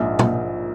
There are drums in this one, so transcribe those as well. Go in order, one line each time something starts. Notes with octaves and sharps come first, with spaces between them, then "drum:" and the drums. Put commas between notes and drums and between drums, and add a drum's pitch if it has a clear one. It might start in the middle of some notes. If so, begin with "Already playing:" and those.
Already playing: A#1 G#2
A#2, drum: tom